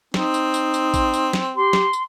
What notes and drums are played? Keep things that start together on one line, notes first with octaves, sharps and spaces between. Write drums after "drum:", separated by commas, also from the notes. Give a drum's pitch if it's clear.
C4 D#4, drum: snare
drum: tambourine
drum: tambourine
drum: tambourine
drum: kick, tambourine
drum: tambourine
drum: snare
G4 C6
drum: snare
drum: tambourine